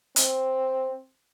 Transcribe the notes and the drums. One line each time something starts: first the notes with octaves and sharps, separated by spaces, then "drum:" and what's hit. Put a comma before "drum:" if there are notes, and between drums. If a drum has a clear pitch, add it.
C4, drum: hi-hat